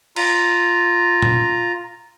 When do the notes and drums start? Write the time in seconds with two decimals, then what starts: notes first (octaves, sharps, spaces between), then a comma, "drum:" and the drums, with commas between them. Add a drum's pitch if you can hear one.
0.16 F4 A#5, drum: cymbal
1.22 drum: tom A#2